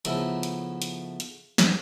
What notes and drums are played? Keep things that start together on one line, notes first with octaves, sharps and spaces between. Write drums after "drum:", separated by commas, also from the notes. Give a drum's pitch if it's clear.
C#3 F3 A3 B3 D#4 E4, drum: hi-hat
drum: hi-hat
drum: hi-hat
drum: hi-hat
drum: snare